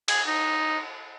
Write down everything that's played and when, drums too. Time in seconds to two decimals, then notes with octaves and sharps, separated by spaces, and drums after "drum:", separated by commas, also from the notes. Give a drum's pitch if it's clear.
0.08 G#4, drum: cymbal
0.27 D#4